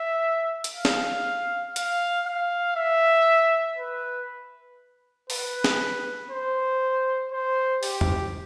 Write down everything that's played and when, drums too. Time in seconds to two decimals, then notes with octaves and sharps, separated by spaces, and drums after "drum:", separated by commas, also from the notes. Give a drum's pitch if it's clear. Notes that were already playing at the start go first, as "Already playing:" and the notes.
Already playing: E5
0.64 drum: hi-hat
0.75 F5
0.85 drum: snare
1.76 F5, drum: hi-hat
2.27 F5
2.76 E5
3.78 B4
5.30 B4, drum: open hi-hat
5.64 drum: snare
6.30 C5
7.32 C5
7.83 G4, drum: open hi-hat
8.01 drum: tom E2